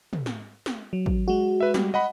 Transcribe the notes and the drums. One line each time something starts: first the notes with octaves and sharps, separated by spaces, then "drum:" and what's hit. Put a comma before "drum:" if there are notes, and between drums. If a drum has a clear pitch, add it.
drum: tom
drum: snare
drum: snare
F#3
drum: kick
G#3 F#4
B4 E5
G3, drum: snare
D#5 F#5 B5